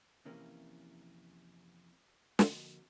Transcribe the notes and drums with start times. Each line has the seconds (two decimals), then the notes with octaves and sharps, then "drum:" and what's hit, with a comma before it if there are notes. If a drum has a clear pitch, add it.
0.25 F2 C3 E3 A#3 C#4
2.39 F2 D3 A#3 F#4 D#5 C6, drum: snare